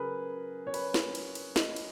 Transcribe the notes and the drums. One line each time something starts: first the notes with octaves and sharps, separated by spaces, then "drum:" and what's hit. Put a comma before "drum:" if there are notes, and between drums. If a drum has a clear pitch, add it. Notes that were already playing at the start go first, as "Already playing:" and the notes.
Already playing: C#3 F#3 G#4 A#4 B4
C#5
B4, drum: cymbal
drum: snare
drum: cymbal
drum: cymbal
D#5, drum: snare
drum: cymbal